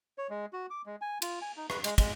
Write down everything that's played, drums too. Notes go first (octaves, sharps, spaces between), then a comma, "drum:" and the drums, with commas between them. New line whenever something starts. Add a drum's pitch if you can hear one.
C#5
G#3
F#4
D6
G#3
G#5
F4, drum: cymbal
G#5
D#4
B4, drum: rim click
G#3, drum: cymbal
G#3, drum: kick, cymbal